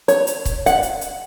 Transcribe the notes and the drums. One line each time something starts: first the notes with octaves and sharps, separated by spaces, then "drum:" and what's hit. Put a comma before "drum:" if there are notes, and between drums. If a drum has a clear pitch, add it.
C#5, drum: hi-hat
drum: hi-hat
drum: kick, hi-hat
F#5, drum: hi-hat
drum: hi-hat
drum: hi-hat